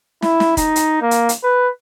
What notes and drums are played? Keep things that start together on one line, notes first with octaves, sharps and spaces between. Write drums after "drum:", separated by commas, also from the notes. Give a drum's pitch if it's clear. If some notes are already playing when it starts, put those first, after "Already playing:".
E4, drum: snare
drum: snare
D#4, drum: kick, hi-hat
drum: hi-hat
A#3
drum: hi-hat
drum: hi-hat
B4